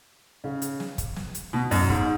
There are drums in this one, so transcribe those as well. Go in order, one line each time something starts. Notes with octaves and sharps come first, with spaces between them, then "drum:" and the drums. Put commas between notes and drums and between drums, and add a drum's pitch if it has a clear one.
C#3
drum: hi-hat
drum: snare
drum: kick, hi-hat
drum: snare
drum: hi-hat
B2
F#2, drum: open hi-hat
G#2, drum: kick